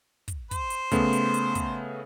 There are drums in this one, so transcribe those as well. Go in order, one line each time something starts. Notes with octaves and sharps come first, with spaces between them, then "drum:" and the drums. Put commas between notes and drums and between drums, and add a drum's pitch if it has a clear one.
drum: kick, hi-hat
C5, drum: kick, hi-hat
drum: hi-hat
C#3 A3 B3, drum: kick, hi-hat
drum: hi-hat
drum: hi-hat
drum: kick, hi-hat